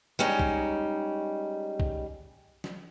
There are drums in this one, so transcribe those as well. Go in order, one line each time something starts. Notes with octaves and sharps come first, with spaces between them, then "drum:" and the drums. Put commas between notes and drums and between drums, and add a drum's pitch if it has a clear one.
G3 G#3 C#4 D#4
drum: kick B1
drum: kick B1
drum: snare